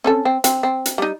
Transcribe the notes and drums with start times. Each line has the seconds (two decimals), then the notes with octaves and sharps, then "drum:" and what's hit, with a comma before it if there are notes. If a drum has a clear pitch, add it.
0.04 C4 C#4 A4
0.25 C4
0.44 C4, drum: hi-hat
0.63 C4
0.86 drum: hi-hat
0.98 G3 D#4